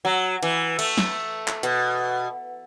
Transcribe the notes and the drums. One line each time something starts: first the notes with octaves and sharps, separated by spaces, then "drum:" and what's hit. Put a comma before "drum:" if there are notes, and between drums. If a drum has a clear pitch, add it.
F#3
E3, drum: cymbal
A3, drum: cymbal
drum: snare
drum: clap
B2, drum: hi-hat